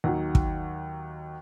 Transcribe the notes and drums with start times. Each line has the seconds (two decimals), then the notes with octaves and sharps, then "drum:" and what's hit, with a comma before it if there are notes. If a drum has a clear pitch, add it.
0.04 D#2 D#3 F#3 F#5
0.35 drum: kick